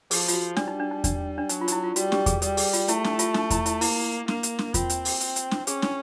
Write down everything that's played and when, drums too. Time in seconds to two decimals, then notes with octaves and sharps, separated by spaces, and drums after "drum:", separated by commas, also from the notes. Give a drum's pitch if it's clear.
0.11 F3 G#4, drum: open hi-hat
0.28 F4, drum: hi-hat
0.34 F#4
0.57 G3 D4, drum: snare
0.68 D#4
0.80 D4
0.91 D#4
1.04 D4, drum: kick E2, hi-hat
1.38 D4
1.49 F#3 D#4, drum: hi-hat
1.61 F4
1.68 D#4, drum: hi-hat
1.72 E4
1.84 F4
1.96 G3 F#4, drum: hi-hat
2.12 G4, drum: snare
2.26 G#4, drum: kick E2, hi-hat
2.42 G3 A4, drum: hi-hat
2.57 G#4, drum: open hi-hat
2.73 F4, drum: hi-hat
2.88 A3 E4, drum: hi-hat
3.04 D#4, drum: snare
3.19 F4, drum: hi-hat
3.34 D#4, drum: snare
3.50 E4, drum: kick E2, hi-hat
3.66 E4, drum: hi-hat
3.81 A#3 E4, drum: open hi-hat
4.28 A#3, drum: snare
4.43 drum: hi-hat
4.59 drum: snare
4.74 C4 F4, drum: kick E2, hi-hat
4.90 drum: hi-hat
5.05 drum: open hi-hat
5.20 drum: hi-hat
5.36 drum: hi-hat
5.51 drum: snare
5.67 C#4 G#4, drum: hi-hat
5.82 drum: snare